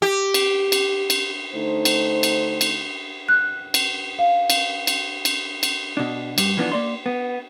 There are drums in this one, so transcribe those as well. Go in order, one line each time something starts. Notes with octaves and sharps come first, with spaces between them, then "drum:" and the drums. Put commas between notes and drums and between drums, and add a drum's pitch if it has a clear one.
G4
drum: cymbal
drum: cymbal
drum: cymbal
D3 A3 D#4 C5
drum: cymbal
drum: cymbal
drum: cymbal
F#6
drum: cymbal
F5
drum: cymbal
drum: cymbal
drum: cymbal
drum: cymbal
B2 D4
G2, drum: cymbal
E3 F3 A#3 B3 D4
A#3 D5 C6
B3